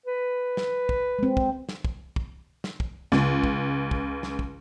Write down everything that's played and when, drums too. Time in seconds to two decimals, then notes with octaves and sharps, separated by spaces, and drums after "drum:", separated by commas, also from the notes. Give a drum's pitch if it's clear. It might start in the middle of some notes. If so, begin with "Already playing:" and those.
0.06 B4
0.57 drum: snare
0.89 drum: kick
1.19 G#3 C4
1.37 drum: kick
1.69 drum: snare
1.85 drum: kick
2.16 drum: kick
2.64 drum: snare
2.80 drum: kick
3.12 C#2, drum: snare
3.44 drum: kick
3.91 drum: kick
4.23 drum: snare
4.39 drum: kick